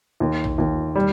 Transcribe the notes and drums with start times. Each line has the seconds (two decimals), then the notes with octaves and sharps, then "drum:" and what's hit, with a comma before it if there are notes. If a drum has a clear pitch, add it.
0.20 D#2
0.44 drum: tom A#1
0.58 D#2
0.95 G3